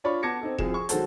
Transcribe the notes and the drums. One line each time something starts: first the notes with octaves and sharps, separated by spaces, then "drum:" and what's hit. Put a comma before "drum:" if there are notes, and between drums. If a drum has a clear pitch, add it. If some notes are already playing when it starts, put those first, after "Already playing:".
D4 F4 C#5 D5 B5 C#6
B3 A5 D6 G#6 A#6 C#7
C4 D#4 A4
C2 F3 G#4 E7, drum: kick E1
G#4 C#6
D#3 F#3 G#3 F#4 A4 C5, drum: hi-hat